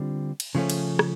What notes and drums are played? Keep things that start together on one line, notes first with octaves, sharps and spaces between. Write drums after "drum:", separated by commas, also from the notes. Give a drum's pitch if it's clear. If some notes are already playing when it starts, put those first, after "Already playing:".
Already playing: D3 G3 C4 F4
drum: cymbal
C#3 F3 A3 C#4
drum: cymbal
drum: rim click